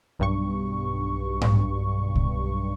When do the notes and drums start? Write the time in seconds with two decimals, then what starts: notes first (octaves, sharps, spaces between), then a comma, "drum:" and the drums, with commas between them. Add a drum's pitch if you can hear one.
0.19 B1 G2 C#6
1.41 drum: tom G#2
2.15 drum: kick C2